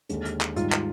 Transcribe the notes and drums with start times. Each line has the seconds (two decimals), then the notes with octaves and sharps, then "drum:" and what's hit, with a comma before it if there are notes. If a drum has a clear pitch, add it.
0.09 D#2 D3 G#3, drum: hi-hat
0.25 drum: hi-hat
0.41 drum: clap
0.56 G#2 D#3 G3 F4, drum: hi-hat
0.72 drum: clap